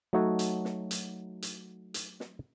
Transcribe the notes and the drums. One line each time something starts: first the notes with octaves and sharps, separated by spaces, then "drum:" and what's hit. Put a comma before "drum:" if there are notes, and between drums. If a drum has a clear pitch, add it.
F#3 A3 D#4 F#4 A4 C#5
drum: hi-hat
drum: snare
drum: hi-hat
drum: hi-hat
drum: hi-hat
drum: snare